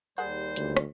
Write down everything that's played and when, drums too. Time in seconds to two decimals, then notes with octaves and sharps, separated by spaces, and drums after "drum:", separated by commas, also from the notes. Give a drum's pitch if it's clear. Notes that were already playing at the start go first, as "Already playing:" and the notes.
0.18 D#2 G3 G#4 A#4 C5 F#5
0.56 D2, drum: hi-hat
0.77 drum: rim click